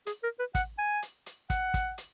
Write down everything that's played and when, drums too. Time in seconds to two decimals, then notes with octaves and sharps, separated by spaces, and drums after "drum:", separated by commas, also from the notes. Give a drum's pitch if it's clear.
0.06 G#4, drum: hi-hat
0.23 A#4
0.39 B4
0.55 F#5, drum: kick, hi-hat
0.78 G#5
1.02 drum: hi-hat
1.26 drum: hi-hat
1.50 F#5, drum: kick, hi-hat
1.74 drum: kick, hi-hat
1.98 drum: hi-hat